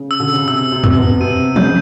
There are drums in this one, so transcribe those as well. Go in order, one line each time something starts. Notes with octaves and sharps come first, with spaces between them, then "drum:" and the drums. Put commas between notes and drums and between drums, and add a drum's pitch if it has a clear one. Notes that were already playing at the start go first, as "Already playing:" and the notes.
Already playing: C#3
E6
D3
C#3
C3 E6
C3
E6, drum: tom E2
C3
B2
C3 D#7
C#3 G6, drum: tom E3